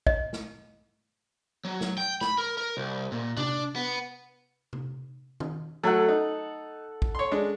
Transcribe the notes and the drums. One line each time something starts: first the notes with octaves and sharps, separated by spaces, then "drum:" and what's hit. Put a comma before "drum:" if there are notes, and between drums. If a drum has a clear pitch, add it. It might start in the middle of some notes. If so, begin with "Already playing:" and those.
D#5, drum: kick
drum: snare
F#3
drum: snare
G5
B5, drum: snare
A#4
A#4
C2
A#2
D4, drum: tom C3
B3
drum: tom C3
drum: tom D#3
F#3 A3 A4 F#5
D#4
drum: kick
C#5 C6
G#3 D4